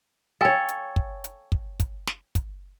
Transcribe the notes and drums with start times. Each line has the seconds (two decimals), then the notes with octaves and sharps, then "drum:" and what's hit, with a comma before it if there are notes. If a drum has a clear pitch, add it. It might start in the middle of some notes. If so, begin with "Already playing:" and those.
0.41 A4 C#5 F5 G5 G#5
0.68 drum: hi-hat
0.96 drum: kick
1.24 drum: hi-hat
1.52 drum: kick
1.80 drum: kick, hi-hat
2.07 drum: snare
2.35 drum: kick, hi-hat